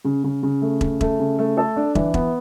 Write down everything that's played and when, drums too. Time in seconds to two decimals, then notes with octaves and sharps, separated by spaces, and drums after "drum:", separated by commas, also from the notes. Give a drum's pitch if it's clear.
0.05 C#3
0.24 C#3
0.43 C#3
0.62 A3
0.81 C#3, drum: kick
1.01 A3, drum: kick
1.19 C#3
1.39 A3
1.57 A4
1.76 D4
1.95 E3, drum: kick
2.14 B3, drum: kick